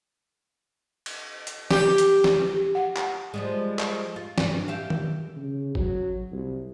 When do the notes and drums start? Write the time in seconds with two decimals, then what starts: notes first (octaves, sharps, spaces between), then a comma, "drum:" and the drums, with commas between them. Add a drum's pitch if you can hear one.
1.06 drum: cymbal
1.47 drum: hi-hat
1.71 G4, drum: snare
1.98 drum: hi-hat
2.24 drum: snare
2.54 G4
2.75 F#5
2.97 drum: clap
3.34 F3 G3 G#3
3.79 drum: clap
4.16 F4
4.38 G2, drum: snare
4.68 G4 E5 F5
4.90 drum: tom D#3
5.36 C#3
5.75 F#3, drum: kick G#1
6.32 C2